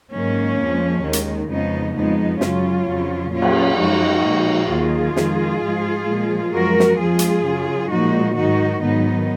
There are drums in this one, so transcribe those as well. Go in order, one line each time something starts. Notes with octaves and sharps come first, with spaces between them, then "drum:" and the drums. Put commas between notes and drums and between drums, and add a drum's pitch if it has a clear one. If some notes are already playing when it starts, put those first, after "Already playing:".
G#2 D#3 F#3 A#3 C#4
F2 F3 G#3
D#2 D#3 G#3
drum: hi-hat
F2 C#3 F3 G#3 B3 D#4
F2 F3 G#3 B3 D#4
F#2 C#3 F#3 C#4 F4, drum: snare
F2 C#3 F#3
A#2 F#3 C#4 F4
drum: cymbal
F#2 F3 G#3 D#4 F#4
A#2 F3 G#3
D#2 D#3 F#3 F4 G#4
F2 D#3 G#3, drum: snare
G#2 F3 G#3
A#2 F3 G#3
F#2 F3 G#3 F#4 A#4
drum: snare
F2 F3 G#3 F4 G#4
drum: hi-hat
F#2 C#3 F#3
A#2 F3 G#3 D#4 F#4
G#2 D#3 F#3 D#4 F#4
G#2 D#3 F#3 B3 D#4